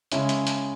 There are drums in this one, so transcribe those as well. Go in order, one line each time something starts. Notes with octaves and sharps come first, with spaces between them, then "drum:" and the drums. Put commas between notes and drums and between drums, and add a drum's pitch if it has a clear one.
C#3 G#3 C#4 E4, drum: hi-hat
drum: hi-hat
drum: hi-hat